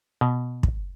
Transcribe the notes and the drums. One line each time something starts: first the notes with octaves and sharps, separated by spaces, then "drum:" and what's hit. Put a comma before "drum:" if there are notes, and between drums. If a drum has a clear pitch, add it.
B2
drum: kick